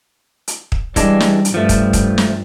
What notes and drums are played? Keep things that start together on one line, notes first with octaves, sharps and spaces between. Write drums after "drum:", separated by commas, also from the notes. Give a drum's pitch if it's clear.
drum: hi-hat
drum: kick
E3 G3 G#3 D4, drum: kick, hi-hat
drum: snare
drum: hi-hat
G2 F3 A3
drum: kick, hi-hat
drum: kick, hi-hat
drum: snare